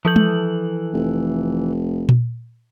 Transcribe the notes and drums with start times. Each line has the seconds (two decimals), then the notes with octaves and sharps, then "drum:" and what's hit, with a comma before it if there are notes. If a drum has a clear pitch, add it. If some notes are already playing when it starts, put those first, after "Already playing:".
0.05 E3 F3 A4 G6 F#7
0.16 drum: tom G#3
0.94 F1
2.09 drum: tom A#2